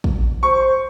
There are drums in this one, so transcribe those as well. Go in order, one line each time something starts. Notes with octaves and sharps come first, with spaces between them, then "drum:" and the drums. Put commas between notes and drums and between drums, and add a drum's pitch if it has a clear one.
drum: kick
C5 C#6